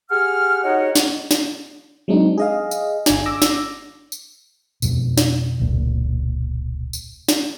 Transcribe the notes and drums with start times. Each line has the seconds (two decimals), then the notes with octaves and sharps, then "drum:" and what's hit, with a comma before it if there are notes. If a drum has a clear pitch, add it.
0.10 G4 G#4 F#5 F6
0.63 D#4 F#4 G#4 C#5 D#5 F#5
0.96 drum: snare
1.31 drum: snare
2.08 F#3 G#3 C4 D4 D#4
2.38 G#4 D#5 F5
2.71 drum: tambourine
3.06 G1 D4 G#5, drum: snare
3.26 D6 E6 A#6
3.42 drum: snare
4.12 drum: tambourine
4.82 F2 B2, drum: tambourine
5.18 drum: snare
5.59 E1 C#2 A#2
6.93 drum: tambourine
7.29 drum: snare